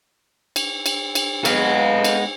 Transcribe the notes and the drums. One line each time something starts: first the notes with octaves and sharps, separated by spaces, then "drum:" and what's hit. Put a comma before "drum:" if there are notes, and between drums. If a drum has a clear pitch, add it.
drum: cymbal
drum: cymbal
drum: cymbal
G#3 B3 A4 D#5 F5, drum: cymbal
drum: cymbal